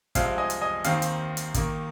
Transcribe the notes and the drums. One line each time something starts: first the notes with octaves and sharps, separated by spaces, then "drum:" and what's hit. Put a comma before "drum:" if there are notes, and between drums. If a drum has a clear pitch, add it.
C2 C3 F3 G#3 C4 F5, drum: kick, hi-hat
D#5 G#5
drum: hi-hat
D#5 G#5
D#2 D#3 C4 F5, drum: hi-hat
drum: hi-hat
drum: hi-hat
D#2 D#3 A#3, drum: kick, hi-hat